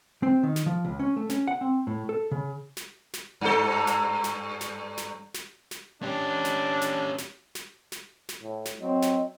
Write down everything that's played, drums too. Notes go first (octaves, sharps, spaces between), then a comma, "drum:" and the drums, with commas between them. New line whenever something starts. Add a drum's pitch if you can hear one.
C4
D#3
drum: snare
F3
C#2
C#4
A3
C#4, drum: snare
F#5
C4
A2
A4
C#3
drum: snare
drum: snare
G2 A4
drum: snare
drum: snare
drum: snare
drum: snare
drum: snare
drum: snare
C#4 D4 G4
drum: snare
drum: snare
drum: snare
drum: snare
drum: snare
drum: snare
A2
drum: snare
F#3 C4 D#5
drum: snare